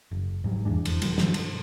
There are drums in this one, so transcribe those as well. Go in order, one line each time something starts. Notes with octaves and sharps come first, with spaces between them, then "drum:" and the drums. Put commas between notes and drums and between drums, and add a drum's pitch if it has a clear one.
F#1
G#2 F#3 G3
F1 E2 G#3 D4
drum: cymbal
B2 D#3 F#3 G3, drum: cymbal
G2 B2 F#3, drum: snare
drum: cymbal